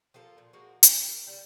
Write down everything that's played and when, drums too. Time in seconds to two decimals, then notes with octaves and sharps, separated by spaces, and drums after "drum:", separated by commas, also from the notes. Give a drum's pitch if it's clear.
0.14 F3 F4 A4 A#4
0.38 A#2
0.53 F3 G#3 A#3 F#4
0.83 C#4 E4 G4, drum: hi-hat
1.02 A#4
1.27 C3 G3